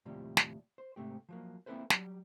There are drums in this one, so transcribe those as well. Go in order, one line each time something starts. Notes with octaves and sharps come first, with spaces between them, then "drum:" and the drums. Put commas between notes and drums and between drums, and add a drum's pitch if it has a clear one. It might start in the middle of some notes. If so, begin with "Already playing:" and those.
D#2 A2 C3 F3 G3
drum: snare
C5
G#2 C3 A3 G4
F3 F#3 A#3
A#3 C4 E4 A4 B4 C5
F#3 G3, drum: snare